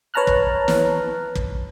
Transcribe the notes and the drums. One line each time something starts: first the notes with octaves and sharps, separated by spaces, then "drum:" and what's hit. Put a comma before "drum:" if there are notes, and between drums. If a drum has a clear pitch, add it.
B4 C#5 A5 A#5 F6 F#6
drum: kick
drum: snare
drum: kick